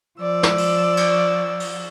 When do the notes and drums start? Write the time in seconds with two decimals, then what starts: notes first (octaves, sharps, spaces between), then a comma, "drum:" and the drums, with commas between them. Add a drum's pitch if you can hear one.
0.19 F3 D5 E6
0.43 drum: snare
0.58 drum: open hi-hat
0.97 drum: cymbal
1.60 drum: open hi-hat